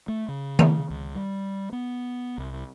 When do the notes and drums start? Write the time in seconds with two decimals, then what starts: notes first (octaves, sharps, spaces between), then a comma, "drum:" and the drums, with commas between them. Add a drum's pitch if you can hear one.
0.08 A3
0.28 C#3
0.59 drum: tom D#3
0.90 C#2
1.15 G3
1.73 B3
2.38 C2